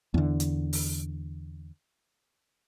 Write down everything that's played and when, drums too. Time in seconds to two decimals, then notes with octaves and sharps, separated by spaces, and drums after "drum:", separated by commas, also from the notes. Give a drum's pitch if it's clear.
0.14 E2 D3
0.40 drum: hi-hat
0.73 drum: open hi-hat